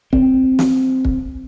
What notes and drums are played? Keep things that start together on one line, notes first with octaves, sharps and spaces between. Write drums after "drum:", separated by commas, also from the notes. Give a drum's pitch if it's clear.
C4, drum: kick
drum: snare
drum: kick